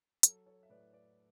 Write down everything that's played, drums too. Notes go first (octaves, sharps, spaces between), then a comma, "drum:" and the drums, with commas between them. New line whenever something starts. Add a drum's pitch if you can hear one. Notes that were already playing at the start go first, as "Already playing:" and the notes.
F#3 A4, drum: hi-hat
A4 C#5
E5
A2 B4 D5
B4 D5